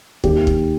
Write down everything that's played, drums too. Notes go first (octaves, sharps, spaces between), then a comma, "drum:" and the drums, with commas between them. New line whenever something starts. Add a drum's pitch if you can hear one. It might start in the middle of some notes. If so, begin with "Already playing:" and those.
D#2 G4, drum: kick
D#2, drum: kick